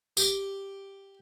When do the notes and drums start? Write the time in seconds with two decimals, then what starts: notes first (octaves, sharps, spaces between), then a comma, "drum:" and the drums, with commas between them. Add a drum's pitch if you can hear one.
0.17 G4, drum: tambourine